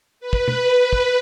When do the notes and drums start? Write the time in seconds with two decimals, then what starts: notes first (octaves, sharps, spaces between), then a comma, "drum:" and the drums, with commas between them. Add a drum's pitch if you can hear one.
0.20 B4
0.33 drum: kick
0.48 drum: tom
0.93 drum: kick